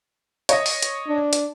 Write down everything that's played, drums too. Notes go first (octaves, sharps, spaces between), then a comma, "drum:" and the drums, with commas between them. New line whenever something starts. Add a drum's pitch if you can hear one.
C#5 D#5, drum: hi-hat
drum: open hi-hat
drum: hi-hat
D4
drum: hi-hat